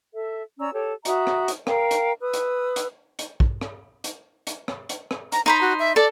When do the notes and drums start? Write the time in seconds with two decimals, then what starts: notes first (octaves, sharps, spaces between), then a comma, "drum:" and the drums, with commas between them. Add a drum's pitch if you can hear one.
0.13 A4 E5
0.59 C#4 D5 A#5 E6
0.73 G4 A4 C#5
1.05 F#4 E5 A#5 D#6, drum: hi-hat
1.27 drum: rim click
1.48 drum: hi-hat
1.67 A#4 F5 G5, drum: rim click
1.91 drum: hi-hat
2.20 B4 D#6 E6
2.33 drum: hi-hat
2.76 drum: hi-hat
3.19 drum: hi-hat
3.40 drum: kick
3.61 drum: rim click
4.04 drum: hi-hat
4.47 drum: hi-hat
4.68 drum: rim click
4.89 drum: hi-hat
5.11 drum: rim click
5.32 A#5, drum: hi-hat
5.46 D#4 C5 A#5 B5
5.61 F#4
5.79 E5
5.96 A4 D5